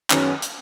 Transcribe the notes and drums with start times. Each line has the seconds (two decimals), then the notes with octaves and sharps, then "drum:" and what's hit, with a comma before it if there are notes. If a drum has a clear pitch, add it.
0.10 F#2 D#3 G#3 B3 C#4 F#4, drum: clap
0.42 drum: hi-hat